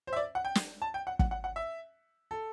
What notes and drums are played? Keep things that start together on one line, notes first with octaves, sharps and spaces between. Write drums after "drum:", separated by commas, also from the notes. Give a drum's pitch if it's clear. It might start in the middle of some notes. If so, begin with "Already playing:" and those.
C5
E5
D5
F#5
G5
drum: snare
A5
G5
F#5
F#5, drum: kick
F#5
F#5
E5
A4